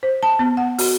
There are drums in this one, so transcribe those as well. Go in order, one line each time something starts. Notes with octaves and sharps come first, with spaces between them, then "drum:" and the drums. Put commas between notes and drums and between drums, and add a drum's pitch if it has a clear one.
C5
A5
B3
F#5
F#4, drum: open hi-hat